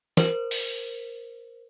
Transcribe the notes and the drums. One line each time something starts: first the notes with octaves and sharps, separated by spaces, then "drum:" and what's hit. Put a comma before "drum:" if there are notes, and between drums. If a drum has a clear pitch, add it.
A#4 C5, drum: snare
drum: open hi-hat